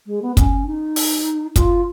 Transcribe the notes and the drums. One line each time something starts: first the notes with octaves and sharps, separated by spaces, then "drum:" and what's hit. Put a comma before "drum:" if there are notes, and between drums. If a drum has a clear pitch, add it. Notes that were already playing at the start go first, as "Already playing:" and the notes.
G#3
B3
C#4, drum: kick, hi-hat
D#4
drum: open hi-hat
F4, drum: kick, hi-hat